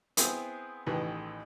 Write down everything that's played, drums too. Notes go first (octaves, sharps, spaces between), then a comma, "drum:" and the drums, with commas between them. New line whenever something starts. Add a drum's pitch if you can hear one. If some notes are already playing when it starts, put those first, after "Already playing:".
B3 C4 E4 G#4, drum: hi-hat
A1 A2 D#3 E3 G#4 B4